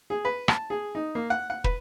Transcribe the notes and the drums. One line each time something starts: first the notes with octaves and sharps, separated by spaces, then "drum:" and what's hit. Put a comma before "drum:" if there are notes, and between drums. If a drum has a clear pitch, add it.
G#4
B4
A5, drum: rim click
G#4
D#4
A#3
F#5
F#5
B4, drum: kick